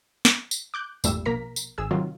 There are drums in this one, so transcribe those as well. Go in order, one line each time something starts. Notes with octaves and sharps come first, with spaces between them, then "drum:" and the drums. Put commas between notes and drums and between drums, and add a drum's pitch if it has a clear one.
drum: snare
drum: tambourine
D6 F#6 G6
G#1 E2 A#2 G3 A3 E6, drum: tambourine
A#1 B2 A#3 A#4 A#5 B6
drum: tambourine
G#1 G#4 E6
C3 D#3 F#3 F4